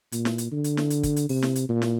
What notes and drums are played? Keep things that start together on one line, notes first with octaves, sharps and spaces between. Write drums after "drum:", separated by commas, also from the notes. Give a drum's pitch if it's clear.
A#2, drum: hi-hat
drum: snare
drum: hi-hat
D3
drum: hi-hat
drum: snare
drum: hi-hat
drum: kick, hi-hat
drum: hi-hat
C3, drum: open hi-hat
drum: snare
drum: hi-hat
A#2
drum: snare